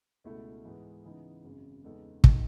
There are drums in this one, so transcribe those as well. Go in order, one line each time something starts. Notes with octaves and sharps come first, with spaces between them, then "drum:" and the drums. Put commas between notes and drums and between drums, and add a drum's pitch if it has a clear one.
C#2 B2 A3 E4 A4
G#2 E3 G#3 B3
C#3 E3 B3 D#4
G#1 F#2 C#3
E2 C#3 G#3 D#4 A4
D#3 F#3 A3 D#4, drum: kick